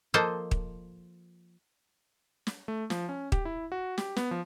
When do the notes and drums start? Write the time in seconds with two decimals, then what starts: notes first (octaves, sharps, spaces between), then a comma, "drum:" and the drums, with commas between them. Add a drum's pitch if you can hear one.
0.14 F3 A#3 A4 C5 D#5 A5
0.51 drum: kick
2.47 drum: snare
2.68 A3
2.90 F3, drum: snare
3.09 C#4
3.32 G4, drum: kick
3.45 E4
3.72 F#4
3.98 G4, drum: snare
4.17 B3, drum: snare
4.31 F3